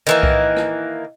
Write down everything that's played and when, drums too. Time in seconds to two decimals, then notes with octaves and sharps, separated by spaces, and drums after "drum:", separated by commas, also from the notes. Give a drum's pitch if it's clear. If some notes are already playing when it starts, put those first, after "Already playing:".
0.07 D#3 E3 A#3
0.23 drum: kick C2
0.56 drum: rim click